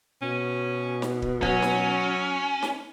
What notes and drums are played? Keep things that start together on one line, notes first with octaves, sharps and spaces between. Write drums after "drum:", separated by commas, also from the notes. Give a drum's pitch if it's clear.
B2 C#4
drum: snare
drum: kick
F#3 C#4, drum: kick
drum: snare
drum: snare